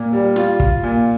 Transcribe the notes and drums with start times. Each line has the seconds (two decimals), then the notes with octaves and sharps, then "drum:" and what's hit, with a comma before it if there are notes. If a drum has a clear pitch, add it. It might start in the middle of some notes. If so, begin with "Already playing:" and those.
Already playing: A#2
0.13 G3
0.36 F4, drum: snare
0.60 F4, drum: kick
0.83 A#2